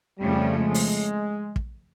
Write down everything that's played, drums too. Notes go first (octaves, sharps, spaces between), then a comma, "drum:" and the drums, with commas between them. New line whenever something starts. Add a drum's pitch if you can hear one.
F2 C#3 F3 G3 A3
G#3
drum: open hi-hat
drum: kick